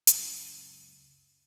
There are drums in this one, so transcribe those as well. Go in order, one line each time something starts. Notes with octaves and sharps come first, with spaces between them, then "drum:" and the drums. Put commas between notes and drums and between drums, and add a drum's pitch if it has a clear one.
C#2 F#2 C#3 C#4, drum: hi-hat